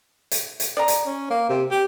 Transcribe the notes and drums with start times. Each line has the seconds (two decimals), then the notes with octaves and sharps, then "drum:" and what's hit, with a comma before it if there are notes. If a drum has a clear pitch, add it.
0.31 drum: hi-hat
0.60 drum: hi-hat
0.77 D5 A#5
0.88 drum: hi-hat
1.06 C#4
1.30 A#3
1.49 C3
1.71 G4